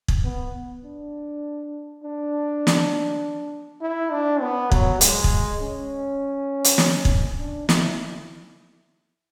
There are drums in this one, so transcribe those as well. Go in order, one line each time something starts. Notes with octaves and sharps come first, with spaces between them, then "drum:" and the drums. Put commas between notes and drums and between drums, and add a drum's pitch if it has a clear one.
drum: kick
B3
D4
D4
drum: snare
E4
D4
B3
F#3, drum: kick
G#3, drum: hi-hat
drum: kick
C#4
drum: hi-hat
drum: snare
drum: kick
D4
E4, drum: snare